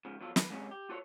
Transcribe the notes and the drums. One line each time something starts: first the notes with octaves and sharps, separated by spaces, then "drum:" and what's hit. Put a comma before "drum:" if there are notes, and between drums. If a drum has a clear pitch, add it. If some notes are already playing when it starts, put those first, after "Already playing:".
G#2 C#3 F3
B2 F3 F#3 F4 F#4 A4
B4, drum: snare
G#2 C3 G#3 C#4 D#4
G4
F4 F#4 A4 C5 C#5